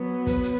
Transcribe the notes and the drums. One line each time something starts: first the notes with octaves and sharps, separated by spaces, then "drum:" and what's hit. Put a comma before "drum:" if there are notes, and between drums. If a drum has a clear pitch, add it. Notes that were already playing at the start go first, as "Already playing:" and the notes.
Already playing: F#3 B3
B4, drum: kick, hi-hat
drum: hi-hat